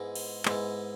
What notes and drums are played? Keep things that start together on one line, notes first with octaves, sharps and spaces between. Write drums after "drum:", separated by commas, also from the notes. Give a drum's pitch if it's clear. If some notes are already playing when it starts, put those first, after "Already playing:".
Already playing: G#2 G#3 B3 E4
drum: cymbal
G#2 G#3 B3 E4, drum: clap